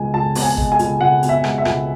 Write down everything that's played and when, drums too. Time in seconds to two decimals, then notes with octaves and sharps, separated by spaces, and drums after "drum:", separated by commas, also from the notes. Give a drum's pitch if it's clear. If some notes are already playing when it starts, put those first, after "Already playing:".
Already playing: C#2 B2 G#3 G#5
0.14 C#2 A5
0.35 B2, drum: open hi-hat
0.43 G#5
0.57 G#3, drum: kick G1
0.72 G#5
0.79 C#2, drum: hi-hat
1.00 C#2 F#5
1.23 B2, drum: hi-hat
1.29 E5
1.44 G#3, drum: rim click
1.58 E5
1.65 C#2, drum: rim click